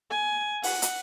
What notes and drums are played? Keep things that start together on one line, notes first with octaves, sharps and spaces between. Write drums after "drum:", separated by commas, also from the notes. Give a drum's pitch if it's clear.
G#5
F#5, drum: open hi-hat
drum: hi-hat